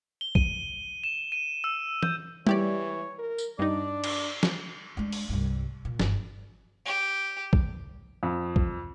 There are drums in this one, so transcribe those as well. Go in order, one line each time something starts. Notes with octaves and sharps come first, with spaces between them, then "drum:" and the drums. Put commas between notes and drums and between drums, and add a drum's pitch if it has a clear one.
G7
D#7, drum: kick
E7
D#7
E6
G6, drum: tom E3
E3 E4 G4 C#5 D5, drum: tom G3
A#4
drum: tambourine
G2 D4 D#4 D5
drum: cymbal
drum: snare
G#3 D4
drum: open hi-hat
C2 G2
A#2
G1, drum: snare
G4
drum: kick
F2
drum: kick